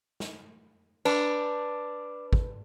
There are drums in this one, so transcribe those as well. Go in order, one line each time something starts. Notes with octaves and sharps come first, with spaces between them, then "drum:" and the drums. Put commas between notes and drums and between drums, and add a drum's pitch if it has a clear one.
drum: snare
D4 B4, drum: cymbal
drum: kick